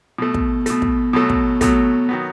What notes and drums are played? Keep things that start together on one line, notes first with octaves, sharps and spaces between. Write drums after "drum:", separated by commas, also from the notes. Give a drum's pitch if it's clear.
B2 A3
drum: kick
B2 A3, drum: hi-hat
drum: kick
B2 F#3 A3
drum: kick
B2 F#3 A3, drum: kick, hi-hat
D#3 F#3 B3